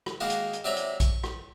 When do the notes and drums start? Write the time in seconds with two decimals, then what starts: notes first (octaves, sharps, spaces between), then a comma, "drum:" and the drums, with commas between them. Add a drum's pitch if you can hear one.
0.06 drum: rim click
0.20 D#3 G#3 A#3 F#4
0.30 drum: hi-hat
0.53 drum: hi-hat
0.64 C3 F#3 D5 E5 A#5
0.77 drum: hi-hat
1.00 C#6, drum: kick A#1, hi-hat
1.24 drum: rim click